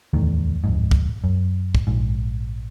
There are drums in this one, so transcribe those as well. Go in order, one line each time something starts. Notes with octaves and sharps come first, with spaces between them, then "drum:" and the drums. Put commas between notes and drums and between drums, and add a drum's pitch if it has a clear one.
D1 E2 D#3 A3
D1 F2 G#2
drum: kick
F#2
drum: kick
A#1 G#2